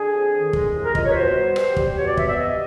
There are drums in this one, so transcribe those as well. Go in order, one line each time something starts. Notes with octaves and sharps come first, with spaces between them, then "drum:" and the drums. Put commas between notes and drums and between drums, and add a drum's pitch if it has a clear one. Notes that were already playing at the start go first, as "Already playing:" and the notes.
Already playing: D3 G#4
F2
D#3
G#3, drum: kick
C2
A#4
F3 D#5, drum: kick
C#5
B4
B2 C5
G3
G3, drum: rim click
G3, drum: kick
B2 C#5
D5
B3 E5, drum: kick
E5
G3 D#5